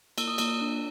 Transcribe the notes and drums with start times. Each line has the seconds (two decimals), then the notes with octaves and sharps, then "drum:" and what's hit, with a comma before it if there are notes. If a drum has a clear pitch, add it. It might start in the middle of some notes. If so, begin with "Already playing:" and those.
0.18 A#3 E6, drum: cymbal
0.28 D#6
0.38 A#3 E6, drum: cymbal
0.61 D4